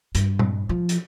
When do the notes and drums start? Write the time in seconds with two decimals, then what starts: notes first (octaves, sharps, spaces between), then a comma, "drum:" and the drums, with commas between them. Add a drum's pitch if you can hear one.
0.15 G2, drum: hi-hat
0.39 drum: tom A#2
0.69 F3
0.89 drum: hi-hat